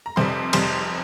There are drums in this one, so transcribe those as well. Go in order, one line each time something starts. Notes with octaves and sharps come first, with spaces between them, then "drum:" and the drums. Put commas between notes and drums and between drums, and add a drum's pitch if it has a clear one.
A#5
F1 F2 C3 G3 C5 C6
F1 F2 C3 G3 C5 C6, drum: cymbal